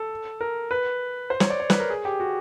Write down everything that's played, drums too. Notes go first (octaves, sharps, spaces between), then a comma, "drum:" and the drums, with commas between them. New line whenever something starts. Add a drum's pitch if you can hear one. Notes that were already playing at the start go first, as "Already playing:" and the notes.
Already playing: A4
A#4
B4
C5
C#5, drum: snare
D5
C#5
B4, drum: snare
A#4
G#4
G4
F#4